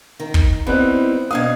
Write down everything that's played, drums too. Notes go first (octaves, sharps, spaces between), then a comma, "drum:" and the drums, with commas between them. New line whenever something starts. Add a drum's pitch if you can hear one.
D#3
drum: kick
E3 G3 B3 C4 D#4 F#6
B2 D4 F5 D#6 G#6